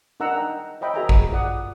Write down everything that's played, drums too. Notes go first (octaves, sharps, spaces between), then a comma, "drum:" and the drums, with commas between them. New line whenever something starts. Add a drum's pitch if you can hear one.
D4 D#4 A#4 F#5 A#5 E6
D#5 G5
C5 C#5 D#5 E5 G5 B5
F#4 G#4 A#4 E5 G#5 A#5
drum: kick A1
F4 D5 F#5 D#6